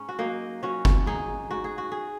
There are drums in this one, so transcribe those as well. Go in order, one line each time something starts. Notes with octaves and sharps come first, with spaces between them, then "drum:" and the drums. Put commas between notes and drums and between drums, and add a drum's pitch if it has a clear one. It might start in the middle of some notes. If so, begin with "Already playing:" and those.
Already playing: G#2 C#4
F#4
F#3 A#3 D#4
F#3 C#4 F#4
drum: kick F#1
G#2 D#4 G#4
G#2 F#4
G#4
F#4
G#4